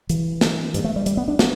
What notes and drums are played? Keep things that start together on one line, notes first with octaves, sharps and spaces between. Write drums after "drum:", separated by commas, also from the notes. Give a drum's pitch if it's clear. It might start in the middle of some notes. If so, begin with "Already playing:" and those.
E3, drum: hi-hat
drum: snare
G2, drum: hi-hat
A3
G3
G3, drum: hi-hat
B3
D4
B3, drum: snare